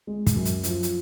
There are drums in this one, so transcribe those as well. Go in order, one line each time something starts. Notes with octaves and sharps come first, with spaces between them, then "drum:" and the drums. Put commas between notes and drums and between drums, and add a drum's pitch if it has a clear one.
G#3
drum: kick, hi-hat
F#2
drum: hi-hat
F3, drum: hi-hat
drum: hi-hat